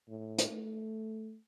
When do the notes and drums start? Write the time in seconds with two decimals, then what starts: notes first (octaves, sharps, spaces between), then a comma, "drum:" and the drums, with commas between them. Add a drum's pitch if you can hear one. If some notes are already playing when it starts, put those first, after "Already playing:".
0.08 A2
0.38 drum: hi-hat
0.50 A3